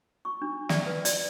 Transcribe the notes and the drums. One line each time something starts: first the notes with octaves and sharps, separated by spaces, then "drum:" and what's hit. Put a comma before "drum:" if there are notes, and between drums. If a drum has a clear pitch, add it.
C#6
D4
D5, drum: snare
B4
D5, drum: hi-hat